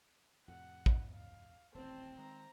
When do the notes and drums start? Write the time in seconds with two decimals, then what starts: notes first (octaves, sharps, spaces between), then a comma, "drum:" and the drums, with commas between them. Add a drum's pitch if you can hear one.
0.48 F2 A2 C3 F#5
0.86 drum: kick
1.14 F5
1.75 D#1 A1 C4 A5
2.18 D#3 G#3 A#5